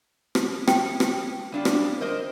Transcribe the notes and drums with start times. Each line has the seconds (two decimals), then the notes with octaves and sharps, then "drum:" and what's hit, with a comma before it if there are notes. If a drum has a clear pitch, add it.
0.35 drum: rim click
0.68 G5, drum: rim click
1.00 drum: rim click
1.52 G3 D4 F4
1.65 drum: rim click
2.01 A#4 C5 D#5